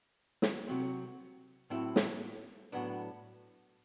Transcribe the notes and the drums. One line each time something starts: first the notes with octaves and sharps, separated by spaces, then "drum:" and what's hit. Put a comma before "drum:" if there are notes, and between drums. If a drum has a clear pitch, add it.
drum: snare
C3 F#3 C4
A2 F#3 C4 E4
drum: snare
A2 F#3 B3 D4